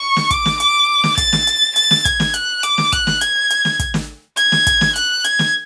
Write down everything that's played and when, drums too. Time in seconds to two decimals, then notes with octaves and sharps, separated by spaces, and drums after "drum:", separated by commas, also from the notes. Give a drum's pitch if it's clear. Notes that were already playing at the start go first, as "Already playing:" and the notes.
Already playing: C#6
0.16 drum: snare
0.31 D6, drum: kick, hi-hat
0.46 drum: snare
0.60 D6, drum: hi-hat
1.04 drum: snare
1.17 A6, drum: kick, hi-hat
1.33 drum: snare
1.47 drum: hi-hat
1.76 A6, drum: hi-hat
1.91 drum: snare
2.05 G#6, drum: kick, hi-hat
2.20 drum: snare
2.34 F#6, drum: hi-hat
2.63 D6, drum: hi-hat
2.78 drum: snare
2.92 F#6, drum: kick, hi-hat
3.07 drum: snare
3.21 G#6, drum: hi-hat
3.50 drum: hi-hat
3.65 drum: snare
3.79 drum: kick, hi-hat
3.94 drum: snare
4.37 G#6, drum: hi-hat
4.52 drum: snare
4.67 drum: kick, hi-hat
4.81 drum: snare
4.96 F#6, drum: hi-hat
5.24 G#6, drum: hi-hat
5.39 drum: snare